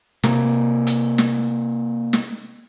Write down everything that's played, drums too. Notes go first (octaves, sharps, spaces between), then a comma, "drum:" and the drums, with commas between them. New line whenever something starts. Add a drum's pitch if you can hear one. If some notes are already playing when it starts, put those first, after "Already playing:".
C3 A#3, drum: snare
drum: hi-hat
drum: snare
drum: snare